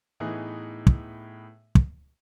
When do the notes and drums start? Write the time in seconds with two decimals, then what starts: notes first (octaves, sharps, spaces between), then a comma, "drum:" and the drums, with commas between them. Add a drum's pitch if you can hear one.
0.20 A2 E3 B3 D#4 G#4
0.87 drum: kick
1.75 drum: kick